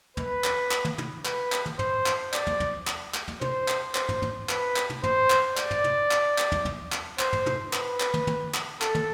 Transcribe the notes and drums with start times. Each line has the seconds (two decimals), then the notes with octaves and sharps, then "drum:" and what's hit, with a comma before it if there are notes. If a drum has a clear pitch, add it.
0.17 B4, drum: tom
0.44 drum: clap
0.71 drum: clap
0.85 drum: tom
0.98 drum: tom
1.25 B4, drum: clap
1.52 drum: clap
1.66 drum: tom
1.79 C5, drum: tom
2.06 drum: clap
2.33 D5, drum: clap
2.47 drum: tom
2.60 drum: tom
2.87 drum: clap
3.14 drum: clap
3.28 drum: tom
3.41 C5, drum: tom
3.68 drum: clap
3.95 C5, drum: clap
4.09 drum: tom
4.22 drum: tom
4.49 B4, drum: clap
4.76 drum: clap
4.90 drum: tom
5.03 C5, drum: tom
5.30 drum: clap
5.57 D5, drum: clap
5.71 drum: tom
5.84 drum: tom
6.11 drum: clap
6.38 drum: clap
6.52 drum: tom
6.65 drum: tom
6.92 drum: clap
7.19 C5, drum: clap
7.33 drum: tom
7.46 drum: tom
7.73 B4, drum: clap
8.00 drum: clap
8.14 drum: tom
8.27 drum: tom
8.54 drum: clap
8.82 A4, drum: clap
8.95 drum: tom